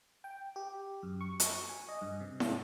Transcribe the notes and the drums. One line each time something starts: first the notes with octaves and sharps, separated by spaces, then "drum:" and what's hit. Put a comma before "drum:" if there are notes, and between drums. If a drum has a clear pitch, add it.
G5
G4
F#2
C#6
drum: hi-hat
G#5
D#5
G2
C3
G#2, drum: snare E4